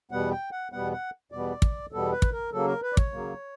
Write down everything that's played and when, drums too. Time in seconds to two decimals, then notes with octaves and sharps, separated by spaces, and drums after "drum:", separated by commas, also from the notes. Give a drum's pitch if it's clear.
0.11 E2 B2 G3 B3 F#5
0.32 G5
0.52 F#5
0.72 E2 B2 G3 B3 F#5
0.92 F#5
1.32 E2 B2 G3 B3 D5
1.62 drum: kick
1.92 E2 B2 G3 B3 A4
2.12 B4
2.22 drum: kick
2.32 A#4
2.52 C#3 F#3 A#3 A4
2.67 A#4
2.82 B4
2.93 D5
2.97 C#5, drum: kick
3.12 C#3 F#3 A#3